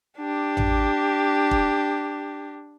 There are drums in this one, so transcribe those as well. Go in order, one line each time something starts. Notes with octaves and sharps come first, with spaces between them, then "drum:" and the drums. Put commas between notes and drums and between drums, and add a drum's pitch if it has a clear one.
D4 G4
drum: tom A1
drum: kick